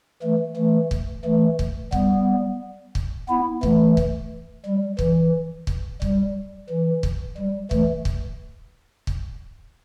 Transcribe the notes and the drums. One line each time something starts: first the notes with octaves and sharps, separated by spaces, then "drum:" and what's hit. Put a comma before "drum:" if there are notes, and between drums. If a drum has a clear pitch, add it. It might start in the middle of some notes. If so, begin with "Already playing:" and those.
E3 A3
E3 A3
drum: kick
E3 A3
drum: kick
G3 B3, drum: kick
drum: kick
B3 E4
E3 A3, drum: kick
drum: kick
G3
E3, drum: kick
drum: kick
G3, drum: kick
E3
drum: kick
G3
E3 A3, drum: kick
drum: kick
drum: kick